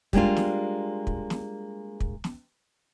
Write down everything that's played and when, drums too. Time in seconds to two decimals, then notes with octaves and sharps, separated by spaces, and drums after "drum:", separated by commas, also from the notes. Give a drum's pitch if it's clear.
0.13 G3 G#3 A#3 D4 F4, drum: kick
0.37 drum: snare
1.07 drum: kick
1.30 drum: snare
2.00 drum: kick
2.24 drum: snare